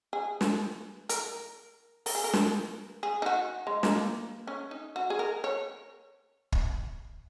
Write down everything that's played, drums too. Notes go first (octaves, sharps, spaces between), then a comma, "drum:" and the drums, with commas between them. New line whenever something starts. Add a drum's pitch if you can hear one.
G#4
drum: snare
A#4, drum: hi-hat
A#4, drum: open hi-hat
G#4
A#4
drum: snare
G#4
D#4
F#4
G#3
A#3, drum: snare
C#4
D#4
F#4
G#4
A#4
C#5
drum: kick